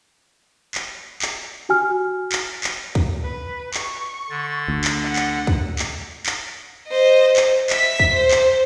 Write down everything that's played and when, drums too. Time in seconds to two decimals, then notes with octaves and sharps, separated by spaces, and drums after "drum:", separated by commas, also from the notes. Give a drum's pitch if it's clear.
0.75 drum: clap
1.22 drum: clap
1.69 F#4 G#5 F6
2.32 drum: clap
2.64 drum: clap
2.95 drum: kick
3.23 B4
3.74 C#6, drum: clap
4.30 D3 A6
4.68 D2
4.84 drum: clap
5.03 F#5
5.16 drum: clap
5.47 drum: kick
5.79 drum: clap
6.26 drum: clap
6.89 C5 D#5
7.36 drum: clap
7.70 E5 B6, drum: clap
7.99 drum: kick
8.14 C5
8.31 drum: clap